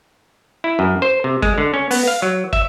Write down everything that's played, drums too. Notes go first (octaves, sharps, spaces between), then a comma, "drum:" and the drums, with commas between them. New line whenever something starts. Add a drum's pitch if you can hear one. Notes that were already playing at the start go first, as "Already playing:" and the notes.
E4
F#2
C5
C3
G#3, drum: kick
D3
C#4
B3, drum: open hi-hat
F5
F#3
E5, drum: kick